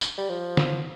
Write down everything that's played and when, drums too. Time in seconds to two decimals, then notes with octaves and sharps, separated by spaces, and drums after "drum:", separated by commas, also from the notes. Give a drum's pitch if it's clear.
0.01 drum: tambourine
0.18 G3
0.29 F3
0.57 drum: snare